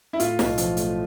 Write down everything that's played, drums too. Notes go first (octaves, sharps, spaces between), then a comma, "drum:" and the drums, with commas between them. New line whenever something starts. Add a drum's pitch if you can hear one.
E4
A2 F4, drum: hi-hat
B1, drum: snare
F3, drum: hi-hat
A3, drum: hi-hat